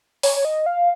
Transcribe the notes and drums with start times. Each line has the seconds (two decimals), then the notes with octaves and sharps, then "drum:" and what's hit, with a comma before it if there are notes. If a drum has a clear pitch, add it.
0.23 C#5, drum: open hi-hat
0.36 C#5
0.45 D#5
0.66 F5